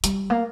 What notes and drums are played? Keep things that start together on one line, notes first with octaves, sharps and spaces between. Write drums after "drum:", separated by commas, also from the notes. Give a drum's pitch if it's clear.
G3, drum: hi-hat
A#3